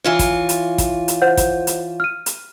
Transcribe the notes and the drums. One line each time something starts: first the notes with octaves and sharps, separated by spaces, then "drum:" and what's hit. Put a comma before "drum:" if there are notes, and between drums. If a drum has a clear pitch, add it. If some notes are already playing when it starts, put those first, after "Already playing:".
E3 F4 C#5
drum: kick, hi-hat
drum: hi-hat
drum: kick, hi-hat
drum: hi-hat
C5 F#5 G6
drum: kick, hi-hat
drum: hi-hat
F6 D#7
drum: hi-hat